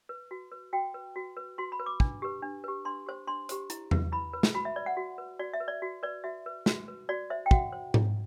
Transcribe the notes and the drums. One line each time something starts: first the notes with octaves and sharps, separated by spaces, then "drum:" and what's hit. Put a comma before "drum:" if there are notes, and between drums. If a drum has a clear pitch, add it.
B4
F#4
B4
F#4 G5
B4
F#4
B4
F#4 C6
B5
B4
D6
D4, drum: kick
G4 B4
D4
G4 B4
D4 C6
G4 C5
D4 C6
G4 C5, drum: hi-hat
E4, drum: hi-hat
B4, drum: tom E2
E4 B5
B4
drum: snare
F#4 B5
E5
B4 D5
F#5
F#4
B4
F#4 D5
E5
B4
D5
F#4
B4 D5
F#4 E5
B4
F#4, drum: snare
B4
F#4 D5
C5 E5
G5
F#4 F#5, drum: kick
C5
E4, drum: tom G#2